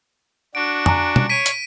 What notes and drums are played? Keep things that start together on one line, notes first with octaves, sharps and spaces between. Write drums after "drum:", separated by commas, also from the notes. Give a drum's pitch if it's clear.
D4 F#4 D7
G#5 A#5, drum: tom
drum: tom
C#5 B6 D7 D#7
drum: hi-hat